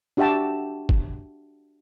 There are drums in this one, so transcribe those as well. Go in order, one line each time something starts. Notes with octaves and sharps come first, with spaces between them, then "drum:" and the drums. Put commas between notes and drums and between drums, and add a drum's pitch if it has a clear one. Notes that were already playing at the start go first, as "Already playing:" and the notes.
D4 F#4 G4 E5 G5 A5
drum: kick